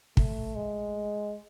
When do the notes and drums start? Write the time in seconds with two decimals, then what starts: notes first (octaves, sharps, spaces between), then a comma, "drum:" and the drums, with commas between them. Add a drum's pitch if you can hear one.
0.17 A3, drum: kick
0.55 G#3